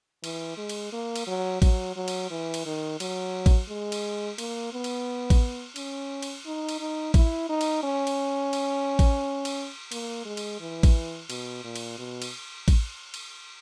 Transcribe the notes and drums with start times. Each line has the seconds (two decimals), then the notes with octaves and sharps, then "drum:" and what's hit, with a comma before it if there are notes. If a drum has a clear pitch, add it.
0.24 E3, drum: cymbal
0.57 G#3
0.69 drum: cymbal
0.92 A#3
1.16 drum: cymbal
1.27 F#3
1.62 F#3, drum: kick A1, cymbal
1.96 F#3
2.08 drum: cymbal
2.31 E3
2.54 drum: cymbal
2.66 D#3
3.00 F#3, drum: cymbal
3.46 drum: kick A1, cymbal
3.69 G#3
3.92 drum: cymbal
4.38 A#3, drum: cymbal
4.73 B3
4.84 drum: cymbal
5.30 drum: kick A1, cymbal
5.76 C#4, drum: cymbal
6.22 drum: cymbal
6.46 D#4
6.69 drum: cymbal
6.80 D#4
7.14 E4, drum: kick A1, cymbal
7.49 D#4
7.61 drum: cymbal
7.83 C#4
8.07 drum: cymbal
8.53 drum: cymbal
8.99 drum: kick A1, cymbal
9.45 drum: cymbal
9.92 A#3, drum: cymbal
10.25 G#3
10.37 drum: cymbal
10.61 E3
10.83 drum: kick A1, cymbal
11.30 B2, drum: cymbal
11.64 A#2
11.76 drum: cymbal
11.98 B2
12.22 drum: cymbal
12.68 drum: kick A1, cymbal
13.14 drum: cymbal